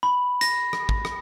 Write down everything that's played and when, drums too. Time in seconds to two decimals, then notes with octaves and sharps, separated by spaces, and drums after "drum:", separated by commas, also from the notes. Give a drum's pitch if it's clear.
0.03 B5
0.41 A#6, drum: hi-hat
0.73 drum: rim click
0.89 drum: kick
1.05 drum: rim click